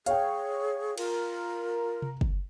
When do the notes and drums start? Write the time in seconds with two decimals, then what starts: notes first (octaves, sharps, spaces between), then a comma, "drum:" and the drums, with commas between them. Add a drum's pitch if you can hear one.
0.06 G#4 C#5 F5 G5, drum: hi-hat
0.98 F4 A#4, drum: cymbal
2.02 drum: tom C3
2.21 drum: kick